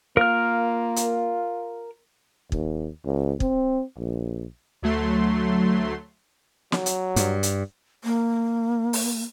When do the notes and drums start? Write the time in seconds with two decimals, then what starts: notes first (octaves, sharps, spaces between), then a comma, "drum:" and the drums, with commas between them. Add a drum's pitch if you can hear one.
0.17 A#3 F4 A#4 F6
0.96 drum: hi-hat
2.52 D#2, drum: kick
3.05 C#2
3.40 C4, drum: kick
3.99 A#1
4.82 D2 F#3 A3 C6
6.72 F#3, drum: snare
6.86 drum: hi-hat
7.16 G2, drum: hi-hat
7.43 drum: hi-hat
8.04 A#3
8.93 drum: open hi-hat